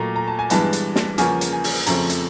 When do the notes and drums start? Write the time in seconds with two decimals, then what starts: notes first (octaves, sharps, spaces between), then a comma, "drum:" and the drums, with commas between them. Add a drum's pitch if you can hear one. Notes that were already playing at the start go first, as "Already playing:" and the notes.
Already playing: A#2 F#3 A3 A#5
0.16 A#5
0.28 A5
0.39 G#5
0.50 G2 E3 G#3 B3 A5, drum: hi-hat
0.73 drum: hi-hat
0.96 drum: snare
1.18 E2 C#3 F3 A#3 C#4 G#5, drum: hi-hat
1.41 drum: hi-hat
1.53 G#5
1.64 drum: open hi-hat
1.86 F2 C#3 F3 A3 C4 A#5, drum: hi-hat
2.10 drum: hi-hat